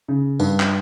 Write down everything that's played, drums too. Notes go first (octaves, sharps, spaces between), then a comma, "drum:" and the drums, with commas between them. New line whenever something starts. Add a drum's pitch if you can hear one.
C#3
G2, drum: tambourine
drum: clap